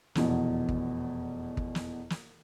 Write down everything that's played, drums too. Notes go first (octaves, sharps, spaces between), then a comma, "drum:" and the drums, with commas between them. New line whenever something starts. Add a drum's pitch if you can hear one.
F1 E2 B2, drum: snare
drum: kick
drum: kick
drum: snare
drum: snare